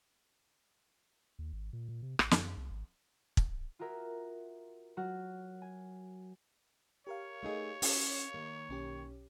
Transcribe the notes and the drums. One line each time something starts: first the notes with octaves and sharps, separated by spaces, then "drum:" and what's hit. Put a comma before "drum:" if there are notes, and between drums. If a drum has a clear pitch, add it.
D#2
G#1
A#2
A#2
C3
A1, drum: rim click
F#2, drum: snare
C2
G#1
drum: kick
F4 F#4 G#4 A#4 E5
F#3 F#4 F#5 F6
G#5
G4 A#4 C#5 F5
A3 D#4 G#4
C#4, drum: open hi-hat
D#3 A#3
B1 C#4 G4